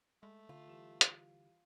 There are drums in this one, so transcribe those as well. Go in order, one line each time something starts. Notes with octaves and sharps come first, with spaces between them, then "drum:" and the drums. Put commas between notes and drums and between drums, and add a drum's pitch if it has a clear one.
G#3 A3
D3 F4
E3 G3 E7
drum: hi-hat